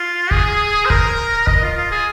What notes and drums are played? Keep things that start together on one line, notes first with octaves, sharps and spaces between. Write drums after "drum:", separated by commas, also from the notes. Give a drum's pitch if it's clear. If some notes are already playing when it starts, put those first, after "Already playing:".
Already playing: F4
G#4, drum: kick
C5
A#4, drum: kick
D#5, drum: kick
F4
F4
G#4